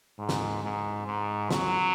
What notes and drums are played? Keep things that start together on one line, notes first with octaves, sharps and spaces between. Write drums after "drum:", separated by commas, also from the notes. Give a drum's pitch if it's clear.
G#2
drum: snare
G#2
G#2
F#3, drum: snare